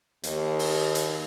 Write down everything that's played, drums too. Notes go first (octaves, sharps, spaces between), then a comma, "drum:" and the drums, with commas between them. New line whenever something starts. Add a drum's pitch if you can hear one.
D#2, drum: hi-hat
drum: open hi-hat
drum: hi-hat